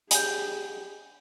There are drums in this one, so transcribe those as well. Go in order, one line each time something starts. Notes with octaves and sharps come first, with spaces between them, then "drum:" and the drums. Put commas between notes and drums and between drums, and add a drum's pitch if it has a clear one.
G4 G#4 G#5 G6, drum: hi-hat